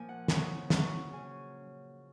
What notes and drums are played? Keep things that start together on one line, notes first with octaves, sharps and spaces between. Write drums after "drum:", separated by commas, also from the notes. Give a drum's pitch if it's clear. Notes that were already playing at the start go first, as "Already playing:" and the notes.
Already playing: A#2 F3 A#3 G#5
F#5
C#3 G#5, drum: snare
F#3 C#4 F#5, drum: snare
C#3 G#5